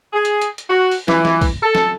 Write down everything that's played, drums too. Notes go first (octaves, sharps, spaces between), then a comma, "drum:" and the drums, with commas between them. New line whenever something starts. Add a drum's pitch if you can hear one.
G#4
drum: hi-hat
drum: hi-hat
drum: hi-hat
F#4
drum: open hi-hat
E3, drum: snare
drum: snare
drum: kick, open hi-hat
A4
drum: snare